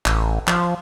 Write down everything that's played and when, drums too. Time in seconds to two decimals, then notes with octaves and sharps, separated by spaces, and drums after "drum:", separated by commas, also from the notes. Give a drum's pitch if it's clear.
0.06 A1, drum: clap
0.47 F3, drum: clap